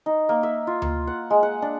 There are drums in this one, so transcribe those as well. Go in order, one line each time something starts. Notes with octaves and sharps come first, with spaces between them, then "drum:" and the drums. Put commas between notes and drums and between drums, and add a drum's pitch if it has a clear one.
D#4
A#3
E5
F4
A#3, drum: tom D2
F#5
G#3
F#5
D4